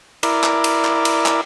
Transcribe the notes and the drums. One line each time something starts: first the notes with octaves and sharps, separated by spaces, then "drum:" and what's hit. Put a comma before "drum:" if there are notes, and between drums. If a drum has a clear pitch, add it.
E4 A#4 D5, drum: cymbal
drum: clap
drum: cymbal
drum: clap
drum: cymbal
drum: clap